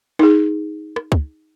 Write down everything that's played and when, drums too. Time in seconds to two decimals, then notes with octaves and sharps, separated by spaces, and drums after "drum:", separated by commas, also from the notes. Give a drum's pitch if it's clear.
0.19 D#4 G#4, drum: rim click
0.96 drum: rim click
1.12 drum: kick